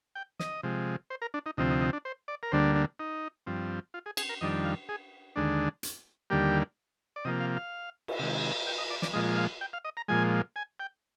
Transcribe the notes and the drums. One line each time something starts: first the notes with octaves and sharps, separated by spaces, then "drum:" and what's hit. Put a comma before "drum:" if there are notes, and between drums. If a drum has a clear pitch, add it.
G5
D#5, drum: snare
C3 F3 G#3
C5
A#4
D4
D#4
D2 C3 F3 C4 D#4
D#4
D#4
D4
C5
D5
A#4
D2 D3 G3 A#3 D4 C5
D4
D#4
G2 F3 C4
F4
G#4
G#4, drum: cymbal
A#4
F2 D#3 G3 D4 D#5
F5
G#4
D#2 D3 G#3 D4
drum: hi-hat
D#2 D3 G3 A#3 G4
D5
C3 F3 A#3 D#5
F5
F5
drum: cymbal
C3 D#3 G#3
G5
D#5
D5
D5, drum: snare
A#2 F3 G#3 D#5
F5
G5
F5
D#5
A#5
A#2 F3 G#3 G#5
G#5
G5